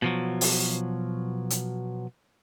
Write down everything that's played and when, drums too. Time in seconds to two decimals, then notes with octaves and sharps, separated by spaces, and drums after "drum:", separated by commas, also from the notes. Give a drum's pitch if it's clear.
0.02 B2 F3 F#3
0.41 drum: open hi-hat
1.50 drum: hi-hat